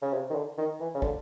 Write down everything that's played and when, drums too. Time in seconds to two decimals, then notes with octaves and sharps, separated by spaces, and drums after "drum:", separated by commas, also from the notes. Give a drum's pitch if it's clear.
0.02 C#3
0.13 C3
0.30 D#3
0.35 D3
0.58 D#3
0.81 E3
0.95 C#3
1.02 D3, drum: kick